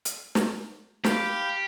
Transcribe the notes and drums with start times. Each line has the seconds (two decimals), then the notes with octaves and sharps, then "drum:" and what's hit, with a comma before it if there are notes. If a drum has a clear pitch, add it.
0.05 drum: hi-hat
0.35 drum: snare
1.04 G4 F5 G5 B5, drum: snare